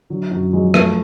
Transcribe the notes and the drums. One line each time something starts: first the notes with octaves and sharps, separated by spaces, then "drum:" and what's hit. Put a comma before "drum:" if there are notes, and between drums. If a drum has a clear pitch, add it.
D3 F#3
F#2 F#3
F3 F#3 G#3
F3 A3 B3, drum: rim click